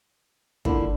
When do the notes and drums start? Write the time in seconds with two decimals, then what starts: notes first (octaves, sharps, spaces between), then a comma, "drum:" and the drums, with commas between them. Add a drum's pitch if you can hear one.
0.65 D3 F3 A#3 E4, drum: kick